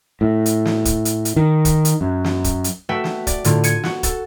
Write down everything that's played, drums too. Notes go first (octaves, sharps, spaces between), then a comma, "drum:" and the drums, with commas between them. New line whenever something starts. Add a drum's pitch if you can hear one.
A2
drum: hi-hat
drum: snare
drum: kick, hi-hat
drum: hi-hat
drum: hi-hat
D#3
drum: kick, hi-hat
drum: hi-hat
F#2
drum: snare
drum: kick, hi-hat
drum: hi-hat
A3 F#4 B4 E5 G5
drum: snare
D5, drum: kick, hi-hat
A2 D3 A3 F4, drum: hi-hat
G#6 C#7 D#7, drum: hi-hat
F#4, drum: snare
A4, drum: kick, hi-hat